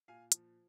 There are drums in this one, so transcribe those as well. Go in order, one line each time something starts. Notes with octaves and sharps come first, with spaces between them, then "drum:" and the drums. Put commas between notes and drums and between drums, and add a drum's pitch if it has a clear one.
A#2 F5 G#5
F3, drum: hi-hat